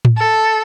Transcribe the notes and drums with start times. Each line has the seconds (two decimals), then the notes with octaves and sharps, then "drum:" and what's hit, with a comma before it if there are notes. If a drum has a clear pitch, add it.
0.05 drum: tom A2
0.17 A4